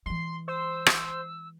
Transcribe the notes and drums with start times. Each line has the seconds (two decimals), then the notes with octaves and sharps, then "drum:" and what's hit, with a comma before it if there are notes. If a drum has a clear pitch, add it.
0.06 E3 G#3 C6
0.48 C5 E6
0.86 drum: rim click